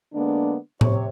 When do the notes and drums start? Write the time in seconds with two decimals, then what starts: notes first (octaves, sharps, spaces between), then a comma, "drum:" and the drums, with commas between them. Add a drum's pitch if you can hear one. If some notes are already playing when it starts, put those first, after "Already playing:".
0.14 D3 G#3 A#3 B3 D4
0.81 C3 C#5, drum: tom A2